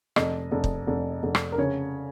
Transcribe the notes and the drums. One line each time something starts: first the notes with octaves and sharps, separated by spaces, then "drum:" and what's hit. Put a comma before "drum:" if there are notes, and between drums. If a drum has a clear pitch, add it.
F1 D#5, drum: rim click
F1
drum: kick
F1
F1
drum: rim click
A#4
C#3 C#5